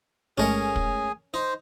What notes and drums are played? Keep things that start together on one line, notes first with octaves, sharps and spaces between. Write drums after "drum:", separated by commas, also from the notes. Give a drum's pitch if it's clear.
G1 G#3 A3 C#4 G#4 A#4 C#5 G#5
drum: kick
D#4 C5